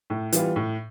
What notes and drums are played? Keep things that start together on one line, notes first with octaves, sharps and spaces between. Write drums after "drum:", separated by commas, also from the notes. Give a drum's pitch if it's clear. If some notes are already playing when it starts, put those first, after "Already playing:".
A2
E3 G3 B3 F4, drum: hi-hat
A2